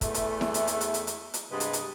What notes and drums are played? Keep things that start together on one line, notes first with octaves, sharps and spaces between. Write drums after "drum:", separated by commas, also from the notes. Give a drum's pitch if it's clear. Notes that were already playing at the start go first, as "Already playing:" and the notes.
E2 A3, drum: kick, hi-hat
drum: hi-hat
drum: snare E4
drum: hi-hat
drum: hi-hat
drum: hi-hat
drum: hi-hat
drum: hi-hat
drum: hi-hat
G2 C3 G#3 B3 B4
drum: hi-hat
drum: hi-hat